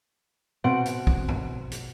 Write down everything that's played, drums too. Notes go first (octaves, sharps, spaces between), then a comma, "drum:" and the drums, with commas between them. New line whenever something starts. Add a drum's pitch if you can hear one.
B2 C4 F#5 D7
drum: hi-hat
drum: kick
drum: tom G2
drum: hi-hat